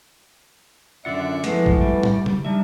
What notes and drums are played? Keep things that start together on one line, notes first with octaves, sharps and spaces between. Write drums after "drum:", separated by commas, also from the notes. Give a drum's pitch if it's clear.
F#2 D3 F4 D5 E5 F#5
E3 F3 G#3 A3 B3, drum: hi-hat
drum: kick A1
G3
drum: tom
drum: tom C#3
G3 D4 D#4 E5